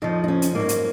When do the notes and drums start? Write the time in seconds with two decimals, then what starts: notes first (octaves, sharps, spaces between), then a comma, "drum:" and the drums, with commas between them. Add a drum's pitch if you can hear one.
0.02 F2 C#3 F3 D#4
0.24 D#4
0.28 C#4
0.42 drum: hi-hat
0.55 G#2 F#3 A#3
0.69 drum: hi-hat